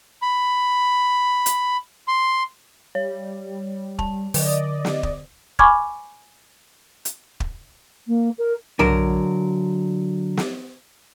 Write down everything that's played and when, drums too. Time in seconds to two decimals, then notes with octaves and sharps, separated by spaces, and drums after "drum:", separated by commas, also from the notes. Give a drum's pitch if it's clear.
0.22 B5
1.46 drum: hi-hat
2.08 C6
2.95 G3 C#5
3.99 A5, drum: kick
4.34 D3 D5 D#5, drum: open hi-hat
4.85 drum: snare
5.03 drum: kick
5.59 G#5 B5 C#6 D6 F6 G#6, drum: kick
7.05 drum: hi-hat
7.40 drum: kick
8.07 A#3
8.38 A#4
8.79 D3 F#3 A#4, drum: tom
10.37 drum: snare